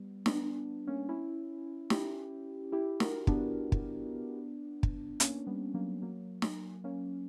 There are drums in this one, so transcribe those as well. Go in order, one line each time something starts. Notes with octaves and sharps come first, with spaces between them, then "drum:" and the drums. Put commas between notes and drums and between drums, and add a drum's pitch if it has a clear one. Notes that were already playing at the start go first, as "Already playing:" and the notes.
Already playing: G3 B3
B3 D4, drum: snare
A#3 C#4
C#4 E4
E4 G4, drum: snare
E4 G4
F#4 A#4, drum: snare
B3 D4, drum: kick
drum: kick
drum: kick
A#3 C#4, drum: hi-hat
G3 B3
F#3 A#3
F#3 A#3
drum: snare
A#3 C#4